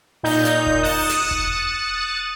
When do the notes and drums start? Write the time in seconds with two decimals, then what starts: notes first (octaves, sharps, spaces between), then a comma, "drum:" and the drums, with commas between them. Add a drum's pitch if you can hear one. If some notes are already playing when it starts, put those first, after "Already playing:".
0.23 A#2 D#4 G6
0.45 drum: snare
0.66 drum: kick E1
0.83 D#6 F#6 A6 C#7 E7
1.09 drum: snare
1.31 drum: kick E1